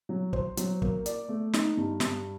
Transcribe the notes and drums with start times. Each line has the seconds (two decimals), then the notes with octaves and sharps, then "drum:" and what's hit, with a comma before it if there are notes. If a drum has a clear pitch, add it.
0.09 F#3
0.33 C5, drum: kick
0.57 F#3, drum: hi-hat
0.82 A#3, drum: kick
1.06 D5, drum: hi-hat
1.28 A3
1.53 D#4, drum: snare
1.77 G2
2.00 G2, drum: snare